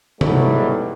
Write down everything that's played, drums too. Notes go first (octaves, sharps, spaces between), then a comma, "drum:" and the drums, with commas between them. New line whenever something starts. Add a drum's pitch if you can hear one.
G#2 B2 E3 F#3 G3 A3, drum: tom C3